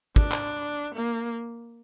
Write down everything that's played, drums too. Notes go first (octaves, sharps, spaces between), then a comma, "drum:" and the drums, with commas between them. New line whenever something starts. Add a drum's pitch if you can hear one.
D4, drum: kick
drum: clap
A#3